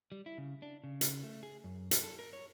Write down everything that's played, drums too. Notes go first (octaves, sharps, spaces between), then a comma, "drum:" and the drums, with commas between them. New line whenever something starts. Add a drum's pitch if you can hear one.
G3
E4
C#3
D4
C#3
drum: hi-hat
A3
G#4
F#2
drum: hi-hat
A4
A#4
C#5